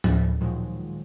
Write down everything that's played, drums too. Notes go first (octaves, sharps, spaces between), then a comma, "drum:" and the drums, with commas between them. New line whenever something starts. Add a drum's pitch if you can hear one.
D2 A2, drum: tom F3
A#2 D#3 F3 F#3 G#3